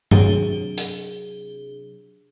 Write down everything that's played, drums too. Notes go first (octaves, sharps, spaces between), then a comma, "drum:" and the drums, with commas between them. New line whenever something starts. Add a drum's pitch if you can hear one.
C3 F#3 D4 G#4 G7, drum: tom G2
drum: hi-hat